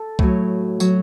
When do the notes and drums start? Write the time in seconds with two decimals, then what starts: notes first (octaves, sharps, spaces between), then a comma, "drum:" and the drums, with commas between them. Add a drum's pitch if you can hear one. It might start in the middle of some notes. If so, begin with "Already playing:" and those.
Already playing: A4
0.19 A2 F#3, drum: kick C2
0.80 F#3, drum: tambourine